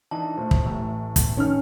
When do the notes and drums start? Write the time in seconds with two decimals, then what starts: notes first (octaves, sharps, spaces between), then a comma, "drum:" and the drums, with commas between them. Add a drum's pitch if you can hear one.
0.11 E3 D4 D#4 A5
0.37 A2 F3
0.51 drum: kick
0.65 A1 E5 A#5
1.16 drum: kick, hi-hat
1.37 D#3 C#4 F6